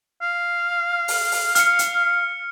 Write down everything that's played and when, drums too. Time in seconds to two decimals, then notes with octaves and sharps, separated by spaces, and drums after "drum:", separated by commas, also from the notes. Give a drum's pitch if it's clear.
0.22 F5
1.08 drum: open hi-hat
1.32 drum: open hi-hat
1.55 F6 C#7, drum: hi-hat
1.79 drum: hi-hat